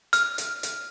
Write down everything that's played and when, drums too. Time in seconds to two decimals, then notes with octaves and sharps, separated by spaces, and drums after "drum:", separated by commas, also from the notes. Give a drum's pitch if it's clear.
0.13 F6, drum: hi-hat
0.38 drum: hi-hat
0.63 drum: hi-hat